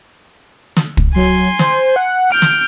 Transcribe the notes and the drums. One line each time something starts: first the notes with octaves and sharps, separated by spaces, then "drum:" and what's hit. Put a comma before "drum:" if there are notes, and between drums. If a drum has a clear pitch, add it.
drum: snare
drum: kick
F#3 G#5 C6
C5, drum: snare
F#5
F6 G6 D7
drum: snare